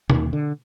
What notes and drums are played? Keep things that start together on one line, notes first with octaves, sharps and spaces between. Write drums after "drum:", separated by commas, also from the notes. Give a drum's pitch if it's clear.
D#2 D#3, drum: tom
D3